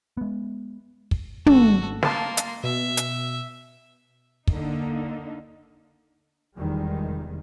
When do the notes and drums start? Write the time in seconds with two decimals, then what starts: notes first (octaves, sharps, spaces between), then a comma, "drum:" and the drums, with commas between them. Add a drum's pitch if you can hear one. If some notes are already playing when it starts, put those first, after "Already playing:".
0.17 G#3 B3
1.11 drum: kick
1.46 G#1 F#4 A4, drum: tom
2.03 A#3 F5 A5 C6, drum: snare
2.37 drum: hi-hat
2.64 B2 E5
2.97 drum: hi-hat
4.47 D3 A#3 D#4, drum: kick
6.57 F1 E2 D#3 G3 G#3